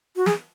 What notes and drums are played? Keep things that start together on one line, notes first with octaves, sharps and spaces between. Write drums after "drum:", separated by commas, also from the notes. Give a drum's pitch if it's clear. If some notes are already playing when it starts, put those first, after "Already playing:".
F#4
G#4, drum: snare